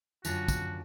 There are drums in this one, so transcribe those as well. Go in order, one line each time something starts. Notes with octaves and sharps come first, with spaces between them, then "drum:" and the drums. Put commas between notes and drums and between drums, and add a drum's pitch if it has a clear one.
F#2 D3 F3 F#4, drum: tambourine
drum: kick, tambourine